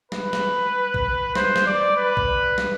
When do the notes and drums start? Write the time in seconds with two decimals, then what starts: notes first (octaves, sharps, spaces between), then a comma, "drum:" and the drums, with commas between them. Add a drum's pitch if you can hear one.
0.12 B4, drum: snare
0.33 drum: snare
0.94 drum: kick A#1
1.35 C5, drum: snare
1.56 drum: snare
1.66 D5
1.97 B4
2.17 drum: kick A#1
2.58 drum: snare